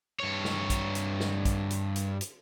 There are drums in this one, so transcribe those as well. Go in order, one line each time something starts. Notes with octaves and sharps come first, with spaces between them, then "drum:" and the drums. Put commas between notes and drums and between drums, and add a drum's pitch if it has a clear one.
G2 C#5
drum: snare
drum: kick A#1, hi-hat
drum: hi-hat
drum: snare
drum: kick A#1, hi-hat
drum: hi-hat
drum: hi-hat
drum: hi-hat